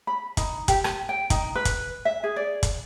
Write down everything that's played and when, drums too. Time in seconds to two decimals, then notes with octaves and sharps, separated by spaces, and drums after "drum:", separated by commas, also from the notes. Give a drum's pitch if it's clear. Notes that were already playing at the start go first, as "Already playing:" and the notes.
0.07 B5
0.37 D#4, drum: kick, hi-hat
0.68 G4, drum: kick, hi-hat
0.84 drum: rim click
1.09 G5
1.30 D#4, drum: kick, hi-hat
1.55 B4
1.65 drum: kick, hi-hat
2.05 E5
2.23 G#4
2.36 D5
2.63 drum: kick, hi-hat